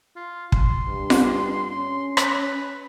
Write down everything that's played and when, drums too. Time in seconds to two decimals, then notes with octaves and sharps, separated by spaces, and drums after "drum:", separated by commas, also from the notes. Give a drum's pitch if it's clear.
0.16 F4
0.52 C6, drum: kick
0.87 G2
1.10 drum: snare F4
1.71 C#4 C6
2.17 B4, drum: rim click